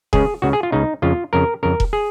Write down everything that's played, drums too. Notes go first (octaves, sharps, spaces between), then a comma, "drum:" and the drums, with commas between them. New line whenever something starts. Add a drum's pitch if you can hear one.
C#2 C#3 G#4, drum: kick E1
C#2 C#3 F#4
G#4
F4
C#2 C#3 D#4
F2 C#3 F4
F2 C#3 A#4
F2 C#3 A#4
drum: kick E1
G#4